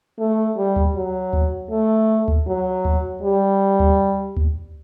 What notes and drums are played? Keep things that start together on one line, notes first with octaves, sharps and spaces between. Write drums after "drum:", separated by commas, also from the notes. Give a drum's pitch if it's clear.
A3
G3
drum: kick D2
F#3
drum: kick D2
A3
drum: kick D2
F#3
drum: kick D2
G3
drum: kick D2
drum: kick D2